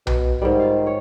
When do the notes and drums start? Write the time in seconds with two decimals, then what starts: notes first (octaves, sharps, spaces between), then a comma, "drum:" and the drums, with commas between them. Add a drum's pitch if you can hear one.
0.07 B2, drum: tom B1
0.42 G#2 D#3 G3
0.60 F4 F5
0.87 C#5